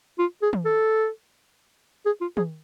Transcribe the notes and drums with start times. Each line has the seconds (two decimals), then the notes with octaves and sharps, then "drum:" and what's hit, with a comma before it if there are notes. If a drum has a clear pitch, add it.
0.19 F4
0.42 G#4
0.53 drum: tom
0.65 A4
2.06 G#4
2.21 F4
2.37 G#4, drum: tom